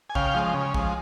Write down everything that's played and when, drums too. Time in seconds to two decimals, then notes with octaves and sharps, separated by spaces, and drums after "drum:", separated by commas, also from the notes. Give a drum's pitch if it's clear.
0.10 G#5
0.15 C#3 F5 G5, drum: kick
0.34 F3 G#3
0.54 C#3
0.74 F3 G#3, drum: kick